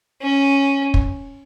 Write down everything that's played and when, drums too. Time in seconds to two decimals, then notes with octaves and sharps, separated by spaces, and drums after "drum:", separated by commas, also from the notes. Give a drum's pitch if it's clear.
0.21 C#4
0.94 drum: kick